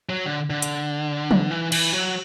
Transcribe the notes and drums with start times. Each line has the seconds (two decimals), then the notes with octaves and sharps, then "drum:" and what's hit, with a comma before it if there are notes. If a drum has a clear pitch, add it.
0.10 F#3
0.26 D3
0.50 D3
0.62 drum: hi-hat
1.31 drum: tom
1.51 E3
1.72 E3, drum: cymbal
1.93 F#3